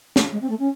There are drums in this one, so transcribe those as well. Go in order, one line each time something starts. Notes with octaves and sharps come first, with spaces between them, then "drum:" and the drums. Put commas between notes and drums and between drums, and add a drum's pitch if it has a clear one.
A3, drum: snare
G#3
C4
A3
C#4